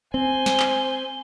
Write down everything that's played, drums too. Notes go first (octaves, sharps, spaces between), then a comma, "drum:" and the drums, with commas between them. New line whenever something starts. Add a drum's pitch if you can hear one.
C4 C5 G#5 G7
drum: snare
drum: clap